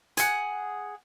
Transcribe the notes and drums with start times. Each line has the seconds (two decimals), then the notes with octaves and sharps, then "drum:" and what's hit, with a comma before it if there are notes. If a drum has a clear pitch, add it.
0.17 G#4 F#5, drum: hi-hat